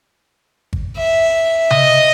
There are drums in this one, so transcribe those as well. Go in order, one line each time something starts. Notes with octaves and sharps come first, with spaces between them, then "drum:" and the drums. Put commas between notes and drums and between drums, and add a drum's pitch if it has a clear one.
drum: kick G#1
E5
D#5, drum: tom C3